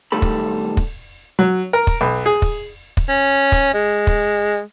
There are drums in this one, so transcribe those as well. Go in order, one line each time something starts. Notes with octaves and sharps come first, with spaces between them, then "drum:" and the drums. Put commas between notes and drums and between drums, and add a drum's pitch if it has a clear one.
B1 D#3 G3 A3 A4 B5
drum: kick
drum: kick
F#3
A#4
drum: kick
B1
G#4
drum: kick
drum: kick
C#4
drum: kick
G#3
drum: kick